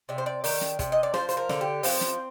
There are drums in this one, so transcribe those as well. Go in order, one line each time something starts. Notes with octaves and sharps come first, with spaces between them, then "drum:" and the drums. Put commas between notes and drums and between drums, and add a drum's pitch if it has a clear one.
C3 D5
C5
D5
D#3 D5, drum: open hi-hat
drum: snare
C3, drum: kick, hi-hat
D#5
D5
F3 C5, drum: snare
C5, drum: hi-hat
A#4
D3, drum: snare
G4
F3 C4, drum: open hi-hat
drum: snare